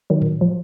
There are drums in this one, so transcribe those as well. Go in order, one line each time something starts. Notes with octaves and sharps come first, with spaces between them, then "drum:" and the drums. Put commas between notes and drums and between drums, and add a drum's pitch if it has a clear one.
D#3 F#3
drum: tom A2
F3